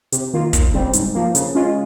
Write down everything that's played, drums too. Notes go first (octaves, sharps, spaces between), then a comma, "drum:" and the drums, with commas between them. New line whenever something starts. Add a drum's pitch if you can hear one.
C3, drum: hi-hat
D#3 A#3 F4
D#2, drum: kick, hi-hat
C#3 G3 C4
G#2, drum: hi-hat
F3 A#3
C#3, drum: hi-hat
G#3 C#4 F4